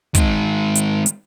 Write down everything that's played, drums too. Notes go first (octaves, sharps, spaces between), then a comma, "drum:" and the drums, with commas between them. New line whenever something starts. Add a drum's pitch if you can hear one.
D#3 G#3, drum: kick, hi-hat
drum: hi-hat
drum: hi-hat